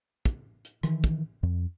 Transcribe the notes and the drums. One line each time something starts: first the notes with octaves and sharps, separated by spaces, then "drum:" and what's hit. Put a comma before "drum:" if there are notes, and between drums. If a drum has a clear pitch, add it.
drum: kick, hi-hat
drum: hi-hat
D#3 E3, drum: rim click
drum: kick, hi-hat
F2